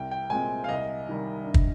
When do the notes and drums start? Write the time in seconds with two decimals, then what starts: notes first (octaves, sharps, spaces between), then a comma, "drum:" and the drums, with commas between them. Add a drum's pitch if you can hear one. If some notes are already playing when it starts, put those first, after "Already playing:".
Already playing: C2 G5
0.11 G5
0.30 A#2 G#3 C4 G#5
0.64 F5
0.69 C2 D#5
1.07 C3 D#3 G3
1.45 G2
1.54 drum: kick